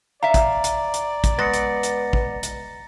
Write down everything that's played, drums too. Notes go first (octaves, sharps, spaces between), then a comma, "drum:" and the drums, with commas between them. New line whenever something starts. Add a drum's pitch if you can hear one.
D5 E5 F5 A#5
drum: kick, hi-hat
drum: hi-hat
drum: hi-hat
drum: kick, hi-hat
G#3 B3 A6 A#6 C#7
drum: hi-hat
drum: hi-hat
drum: kick
drum: hi-hat